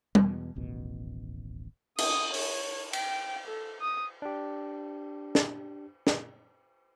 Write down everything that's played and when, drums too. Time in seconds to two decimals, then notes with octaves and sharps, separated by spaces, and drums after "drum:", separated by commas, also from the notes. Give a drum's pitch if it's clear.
0.15 E2 B2, drum: tom G3
0.56 D1 A1 D#2 B2
1.98 D#6, drum: cymbal
2.34 C#5, drum: open hi-hat
2.93 G5, drum: cymbal
3.47 A4
3.80 D#6
4.22 D4 G4
5.35 drum: snare
6.07 drum: snare